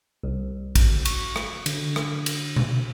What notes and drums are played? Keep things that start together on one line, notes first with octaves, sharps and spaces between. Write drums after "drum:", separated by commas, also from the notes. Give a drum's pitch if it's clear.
C2
drum: kick, cymbal
C#6, drum: cymbal
drum: rim click
D3, drum: cymbal
drum: rim click
drum: cymbal
drum: tom B2